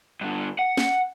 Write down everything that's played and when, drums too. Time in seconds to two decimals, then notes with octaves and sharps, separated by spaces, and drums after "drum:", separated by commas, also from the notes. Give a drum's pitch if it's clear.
0.21 G2 D3
0.59 F#5
0.77 drum: snare